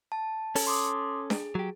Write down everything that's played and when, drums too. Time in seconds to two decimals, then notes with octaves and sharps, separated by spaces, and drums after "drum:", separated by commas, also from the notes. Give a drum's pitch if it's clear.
0.12 A5
0.55 C#4 A4, drum: open hi-hat
0.67 C6 D6 D#6
1.30 G#4, drum: snare D4
1.55 F#3 G4